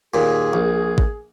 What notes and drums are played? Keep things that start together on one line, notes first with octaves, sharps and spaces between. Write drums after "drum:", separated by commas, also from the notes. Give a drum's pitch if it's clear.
D#2 A#2 G#4
A#1
drum: kick